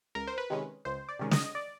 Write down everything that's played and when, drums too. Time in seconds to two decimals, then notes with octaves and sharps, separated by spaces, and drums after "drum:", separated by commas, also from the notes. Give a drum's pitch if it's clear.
0.15 C#2 A#4
0.27 C5
0.38 B4
0.50 C3 D#3 G#3 C#4
0.85 C#2 C5
1.09 D5
1.19 C3 D#3 G#3 C#4
1.31 D#5, drum: snare
1.55 D5